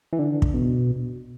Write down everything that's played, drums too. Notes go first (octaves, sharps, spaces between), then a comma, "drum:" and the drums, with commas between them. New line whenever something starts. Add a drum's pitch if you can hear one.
E3
D3
drum: kick
B2